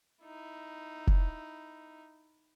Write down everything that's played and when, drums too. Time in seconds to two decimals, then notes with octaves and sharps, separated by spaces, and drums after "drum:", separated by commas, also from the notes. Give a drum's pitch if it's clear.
0.24 D#4 E4
1.08 drum: kick F1